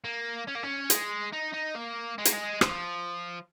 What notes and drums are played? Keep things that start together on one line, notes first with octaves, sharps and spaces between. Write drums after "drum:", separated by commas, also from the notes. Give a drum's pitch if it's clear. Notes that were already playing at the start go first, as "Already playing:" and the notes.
A#3
C#4
A#3
C#4
G#3, drum: hi-hat
D#4
D#4
A#3
G#3
A#3, drum: hi-hat
G#3
F3, drum: rim click